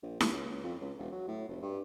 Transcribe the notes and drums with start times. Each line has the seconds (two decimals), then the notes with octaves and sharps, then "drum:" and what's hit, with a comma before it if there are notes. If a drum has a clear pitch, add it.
0.03 A#1
0.21 D#2, drum: snare E4
0.33 C#2
0.51 C#2
0.64 F2
0.81 C#2
0.98 E1
1.12 F#3
1.28 A2
1.49 F1
1.62 G2